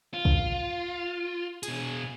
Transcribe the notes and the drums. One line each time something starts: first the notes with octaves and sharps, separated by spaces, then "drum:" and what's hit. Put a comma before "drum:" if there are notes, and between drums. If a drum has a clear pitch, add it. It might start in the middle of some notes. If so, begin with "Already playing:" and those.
F4
drum: kick
B2 G#4, drum: hi-hat